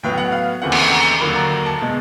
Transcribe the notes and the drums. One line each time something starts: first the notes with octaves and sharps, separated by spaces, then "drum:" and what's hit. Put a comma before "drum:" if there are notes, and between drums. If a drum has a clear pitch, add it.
A2 F#3 B3 G5
F#5
F5
D#2 C#3 E3 A3 C4 F#5
drum: cymbal
F#5
A#5
D#2 D3 F#3 A#3 B5
A#5
A#5
A5
B2 G#3